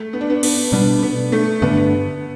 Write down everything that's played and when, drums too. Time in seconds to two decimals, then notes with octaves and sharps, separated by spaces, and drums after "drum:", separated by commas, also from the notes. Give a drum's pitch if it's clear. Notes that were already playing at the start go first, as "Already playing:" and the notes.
Already playing: A3
0.13 B3
0.21 D4
0.30 B3
0.43 B3, drum: cymbal
0.72 B2 G3 B3 D4
1.02 B3
1.32 A3
1.62 G2 D3 A3 B3 D4